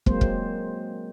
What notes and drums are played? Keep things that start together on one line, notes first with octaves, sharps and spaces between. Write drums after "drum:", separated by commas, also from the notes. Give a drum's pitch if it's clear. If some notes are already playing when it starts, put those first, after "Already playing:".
F#3 G#3 A#3 C4 C5, drum: kick
drum: kick